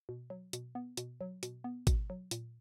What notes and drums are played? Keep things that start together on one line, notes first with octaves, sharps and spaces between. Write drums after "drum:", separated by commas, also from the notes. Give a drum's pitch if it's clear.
B2
F#3
B2, drum: hi-hat
B3
B2, drum: hi-hat
F#3
B2, drum: hi-hat
B3
B2, drum: kick G#1, hi-hat
F#3
A#2, drum: hi-hat